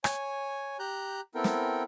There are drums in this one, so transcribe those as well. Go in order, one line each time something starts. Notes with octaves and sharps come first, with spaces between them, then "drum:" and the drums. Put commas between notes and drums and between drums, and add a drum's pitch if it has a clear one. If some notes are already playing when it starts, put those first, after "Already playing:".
C#5 G#5, drum: rim click
G4 A#5 F#6 G6
B3 C4 E4 A4 A#4 G5
drum: snare